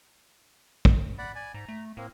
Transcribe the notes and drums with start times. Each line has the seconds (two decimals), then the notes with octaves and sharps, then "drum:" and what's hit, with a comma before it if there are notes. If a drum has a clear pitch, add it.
0.85 drum: kick
1.19 D5 F#5 B5
1.35 D5 G#5
1.54 G#2 A#5
1.69 A3
1.97 A2 A#3 C4